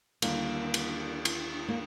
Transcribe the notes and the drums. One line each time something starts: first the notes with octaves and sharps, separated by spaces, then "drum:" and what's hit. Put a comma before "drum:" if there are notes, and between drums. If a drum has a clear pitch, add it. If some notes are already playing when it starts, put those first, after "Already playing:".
D#2 D3 G3 A#3, drum: cymbal
drum: cymbal
drum: cymbal
A#3